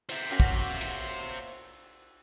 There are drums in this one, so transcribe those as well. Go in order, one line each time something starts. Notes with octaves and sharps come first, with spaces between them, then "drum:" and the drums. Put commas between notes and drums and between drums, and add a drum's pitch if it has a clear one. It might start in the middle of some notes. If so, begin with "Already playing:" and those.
C5 E5, drum: cymbal
A#3 C#4 F#4
drum: kick
drum: cymbal